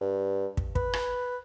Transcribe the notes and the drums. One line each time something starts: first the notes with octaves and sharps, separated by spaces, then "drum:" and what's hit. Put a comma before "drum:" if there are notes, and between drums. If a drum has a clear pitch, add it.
G2
drum: kick
B4, drum: kick
drum: rim click